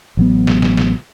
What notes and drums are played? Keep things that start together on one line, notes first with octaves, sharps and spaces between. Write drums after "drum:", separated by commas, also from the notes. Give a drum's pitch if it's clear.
A1 F#3 B3
drum: snare
drum: snare
drum: snare